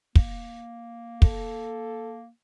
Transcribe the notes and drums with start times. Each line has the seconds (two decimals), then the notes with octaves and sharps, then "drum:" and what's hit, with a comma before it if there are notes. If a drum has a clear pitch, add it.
0.15 A#3, drum: kick
1.22 A4, drum: kick